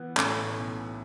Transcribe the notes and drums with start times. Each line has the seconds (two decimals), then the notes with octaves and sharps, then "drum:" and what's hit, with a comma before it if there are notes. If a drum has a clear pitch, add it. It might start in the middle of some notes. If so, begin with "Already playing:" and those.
Already playing: E3 B3
0.17 A2 C#4, drum: clap
0.57 B1